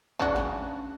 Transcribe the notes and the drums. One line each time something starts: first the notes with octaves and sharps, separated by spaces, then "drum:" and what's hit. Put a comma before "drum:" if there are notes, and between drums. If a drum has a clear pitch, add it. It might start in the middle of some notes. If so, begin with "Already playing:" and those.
C#3 D4 F#4, drum: kick
drum: snare